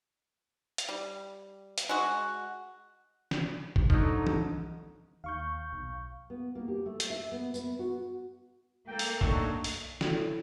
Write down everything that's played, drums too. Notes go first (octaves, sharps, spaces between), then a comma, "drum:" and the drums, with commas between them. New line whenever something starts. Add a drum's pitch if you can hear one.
drum: hi-hat
G3
drum: hi-hat
G#3 F#4
drum: snare
drum: kick
D3 F3 F#3 D#4, drum: kick
drum: tom
D#2 F5 C#6 G6
B1
B3
A#3
G4
A3
drum: hi-hat
E5
B3
B3, drum: tambourine
F#4
A#3 A4 G5
drum: open hi-hat
F#3 A3 D4 D#4, drum: kick
drum: open hi-hat
A2, drum: snare